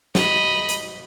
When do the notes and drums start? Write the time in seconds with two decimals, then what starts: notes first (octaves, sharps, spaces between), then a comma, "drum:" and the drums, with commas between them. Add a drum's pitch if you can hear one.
0.15 D#5 B5, drum: snare
0.69 drum: hi-hat